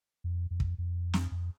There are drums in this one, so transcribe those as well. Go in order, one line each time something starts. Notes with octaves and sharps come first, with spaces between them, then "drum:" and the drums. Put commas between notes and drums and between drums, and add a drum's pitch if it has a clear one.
F2
F2
drum: kick
F2
drum: snare
F2